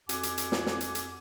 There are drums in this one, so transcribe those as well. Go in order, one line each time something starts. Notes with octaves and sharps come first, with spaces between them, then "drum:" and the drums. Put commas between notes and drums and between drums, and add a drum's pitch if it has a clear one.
F2 F#4 F#5 G#5 D6, drum: hi-hat
drum: hi-hat
drum: hi-hat
drum: snare
drum: snare
drum: hi-hat
drum: hi-hat